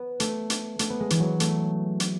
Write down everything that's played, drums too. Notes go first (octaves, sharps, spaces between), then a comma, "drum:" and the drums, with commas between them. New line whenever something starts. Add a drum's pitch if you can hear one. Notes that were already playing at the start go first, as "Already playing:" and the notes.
Already playing: B3
A3, drum: hi-hat
drum: hi-hat
A3, drum: hi-hat
B3
G#3
E3, drum: hi-hat
F#3
A3, drum: hi-hat
drum: hi-hat